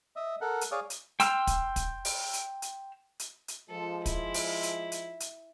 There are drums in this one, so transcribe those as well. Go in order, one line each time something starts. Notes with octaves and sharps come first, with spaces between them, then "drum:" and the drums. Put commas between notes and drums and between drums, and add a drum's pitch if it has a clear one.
D#5 E5
A4 A#4 F#5
drum: hi-hat
G#4 C#5 D5 F5 D#6
drum: hi-hat
G5 C6 E6 F6, drum: hi-hat
drum: kick, hi-hat
drum: kick, hi-hat
drum: open hi-hat
drum: hi-hat
drum: hi-hat
drum: hi-hat
drum: hi-hat
F3 G#3 A4
E4, drum: kick, hi-hat
drum: open hi-hat
drum: hi-hat
drum: hi-hat
drum: hi-hat